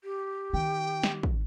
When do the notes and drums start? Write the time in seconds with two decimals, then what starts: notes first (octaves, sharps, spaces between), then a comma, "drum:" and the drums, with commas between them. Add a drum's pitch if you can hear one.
0.04 G4
0.53 D#3 G5
1.03 drum: snare
1.23 drum: kick